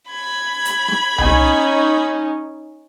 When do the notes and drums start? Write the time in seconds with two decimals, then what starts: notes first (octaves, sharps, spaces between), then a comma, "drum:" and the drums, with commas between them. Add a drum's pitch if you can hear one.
0.10 B5 G#6
0.65 drum: hi-hat
0.88 drum: rim click
1.18 C#4 D#4, drum: tom C2